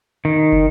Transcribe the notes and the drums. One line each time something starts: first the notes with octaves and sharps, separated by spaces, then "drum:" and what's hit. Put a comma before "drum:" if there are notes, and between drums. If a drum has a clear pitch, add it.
D#3
drum: kick